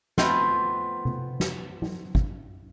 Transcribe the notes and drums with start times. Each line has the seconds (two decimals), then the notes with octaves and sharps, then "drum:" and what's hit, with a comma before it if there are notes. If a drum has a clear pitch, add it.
0.18 F3 A3 B3 C4 F4 D#5, drum: snare
1.05 drum: tom C3
1.40 drum: snare
1.82 drum: tom
2.15 drum: kick